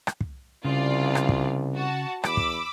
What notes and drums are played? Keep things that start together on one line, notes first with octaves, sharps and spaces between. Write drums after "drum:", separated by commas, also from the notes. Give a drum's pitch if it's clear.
drum: rim click
drum: kick
C2 C#3 F4 D5
drum: rim click
drum: kick
F#4 A5
E2 B5 D6 E6, drum: rim click
drum: kick